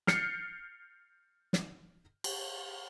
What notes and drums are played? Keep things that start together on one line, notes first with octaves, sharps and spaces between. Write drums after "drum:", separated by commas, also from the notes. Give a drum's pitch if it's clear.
F6 G6 A6 C7 C#7, drum: snare
drum: snare
drum: cymbal